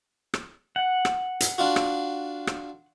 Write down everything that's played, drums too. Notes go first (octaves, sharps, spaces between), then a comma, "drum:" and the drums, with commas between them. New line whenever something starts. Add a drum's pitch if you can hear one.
drum: rim click
F#5
drum: rim click
drum: hi-hat
D4 F4 F#4
drum: rim click
drum: rim click